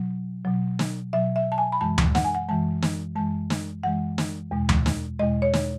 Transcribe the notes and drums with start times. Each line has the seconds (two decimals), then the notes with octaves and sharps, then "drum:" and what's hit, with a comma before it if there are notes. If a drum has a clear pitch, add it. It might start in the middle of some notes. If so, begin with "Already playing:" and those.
Already playing: B2 F#3
0.45 B2 F#3
0.79 drum: snare
1.13 B2 F#3 E5
1.36 E5
1.52 A5
1.58 G#5
1.72 B5
1.81 F#2 E3 G#3 A5
1.98 drum: tom D2
2.15 F#5, drum: snare
2.24 G#5
2.35 F#5
2.49 F#2 E3 G#3 A5
2.82 drum: snare
3.16 F#2 E3 G#3 A5
3.50 drum: snare
3.83 F#2 E3 G#3 F#5
4.18 drum: snare
4.51 E2 B2 G#3
4.69 drum: tom D2
4.86 drum: snare
5.19 E2 B2 G#3 D#5
5.42 C#5
5.53 drum: snare